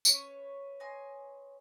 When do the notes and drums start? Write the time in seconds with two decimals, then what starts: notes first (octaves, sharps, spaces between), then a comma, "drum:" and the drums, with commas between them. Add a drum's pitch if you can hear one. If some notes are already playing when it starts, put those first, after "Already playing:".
0.05 C#4 B4 C#5, drum: tambourine
0.80 D#5 G#5 C6